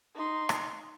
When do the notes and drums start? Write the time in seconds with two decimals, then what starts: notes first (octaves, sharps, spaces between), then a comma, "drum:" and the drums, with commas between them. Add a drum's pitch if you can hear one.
0.15 D#4 C6
0.49 drum: rim click